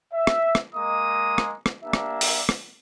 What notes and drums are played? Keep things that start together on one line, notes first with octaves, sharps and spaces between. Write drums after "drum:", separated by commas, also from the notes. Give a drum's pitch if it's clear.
E5
drum: rim click
drum: rim click
G#3 A#3 D#5 A#5 D#6
drum: rim click
drum: rim click
A#3 D4 G4 E5
drum: rim click
drum: open hi-hat
drum: rim click